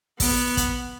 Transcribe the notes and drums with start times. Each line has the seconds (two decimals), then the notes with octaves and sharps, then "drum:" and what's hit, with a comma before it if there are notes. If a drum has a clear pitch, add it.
0.20 B3, drum: kick, open hi-hat
0.57 drum: kick, hi-hat